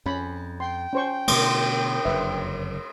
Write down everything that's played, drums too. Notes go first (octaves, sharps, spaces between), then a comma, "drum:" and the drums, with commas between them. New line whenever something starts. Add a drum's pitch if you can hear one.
F2 C#4 B5
G5 C6
C#4 C5 C#6
B2 D3 A3, drum: cymbal
F#1 F2 D3 B4 E5